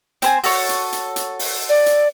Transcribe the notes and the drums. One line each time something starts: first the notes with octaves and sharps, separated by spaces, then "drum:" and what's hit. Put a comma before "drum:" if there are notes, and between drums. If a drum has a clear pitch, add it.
C4 C5 G#5, drum: hi-hat
F#4 A4 C#5, drum: open hi-hat
drum: hi-hat
drum: hi-hat
drum: hi-hat
drum: open hi-hat
D5
drum: hi-hat